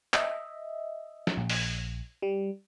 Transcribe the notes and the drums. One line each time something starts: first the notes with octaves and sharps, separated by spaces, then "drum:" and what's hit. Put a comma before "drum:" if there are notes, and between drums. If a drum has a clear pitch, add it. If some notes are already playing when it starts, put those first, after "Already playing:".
D#5 E5, drum: clap
drum: snare
A#1
drum: open hi-hat
G3